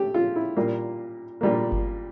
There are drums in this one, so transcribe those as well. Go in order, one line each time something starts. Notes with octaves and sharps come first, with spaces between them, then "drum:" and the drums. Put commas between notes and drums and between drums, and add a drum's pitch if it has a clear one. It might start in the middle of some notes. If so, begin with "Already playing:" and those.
Already playing: A3 G4
F4
E4
A#2 G3 A#3
A#2 G3 A#3
drum: kick G1